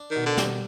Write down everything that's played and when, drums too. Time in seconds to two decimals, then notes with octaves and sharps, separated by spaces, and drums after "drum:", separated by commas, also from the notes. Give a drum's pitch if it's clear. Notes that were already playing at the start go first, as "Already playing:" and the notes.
Already playing: D4
0.10 D#3
0.16 B2
0.26 D3
0.37 G3, drum: snare